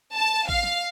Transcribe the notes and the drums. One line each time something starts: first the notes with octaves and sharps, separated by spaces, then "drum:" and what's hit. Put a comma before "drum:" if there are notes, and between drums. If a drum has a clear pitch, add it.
A5
F5, drum: kick
drum: snare